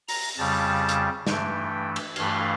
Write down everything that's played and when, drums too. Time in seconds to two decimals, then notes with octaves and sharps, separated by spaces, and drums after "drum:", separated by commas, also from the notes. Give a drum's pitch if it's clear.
0.08 A#5, drum: open hi-hat
0.37 F2 C#3 G3 A5
0.89 drum: hi-hat
1.27 G2 E3 A3 G5, drum: snare
1.96 drum: cymbal
2.16 G2 E3 A3 F5, drum: cymbal